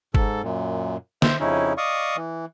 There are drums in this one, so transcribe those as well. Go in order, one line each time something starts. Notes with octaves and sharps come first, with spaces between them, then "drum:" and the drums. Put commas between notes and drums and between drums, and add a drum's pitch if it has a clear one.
G#2 A4, drum: kick G1
F#2 A#2
C5 E5, drum: snare
F2 C#3 C#4 D#4 E4
D5 D#5 F5 C#6 D#6
E3